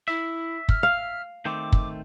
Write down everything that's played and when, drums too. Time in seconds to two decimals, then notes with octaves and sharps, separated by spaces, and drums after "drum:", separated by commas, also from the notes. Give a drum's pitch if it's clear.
0.08 E4 E5
0.69 F6, drum: kick
0.83 F5
1.45 D#3 A3 C4 D6
1.72 drum: kick